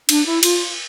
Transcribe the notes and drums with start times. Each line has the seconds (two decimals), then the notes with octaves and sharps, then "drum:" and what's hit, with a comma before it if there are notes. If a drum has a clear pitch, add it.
0.09 D4, drum: cymbal
0.26 E4
0.43 F4, drum: cymbal